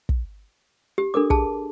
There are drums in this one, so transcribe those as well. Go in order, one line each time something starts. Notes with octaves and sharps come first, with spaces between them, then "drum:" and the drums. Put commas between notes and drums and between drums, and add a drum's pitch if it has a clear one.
drum: kick
G4
D4 A4 A#4 D6
G#4 A5, drum: kick